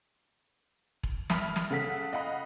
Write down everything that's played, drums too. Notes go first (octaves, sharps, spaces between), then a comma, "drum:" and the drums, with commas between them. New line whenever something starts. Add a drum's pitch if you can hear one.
drum: kick E1
E5 B5 F6, drum: snare
drum: snare
C#3 A4 F#5 B6
D#5 F5 F#5 B5